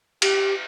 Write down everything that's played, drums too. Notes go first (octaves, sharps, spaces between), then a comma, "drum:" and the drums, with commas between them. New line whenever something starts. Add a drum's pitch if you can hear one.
G4, drum: cymbal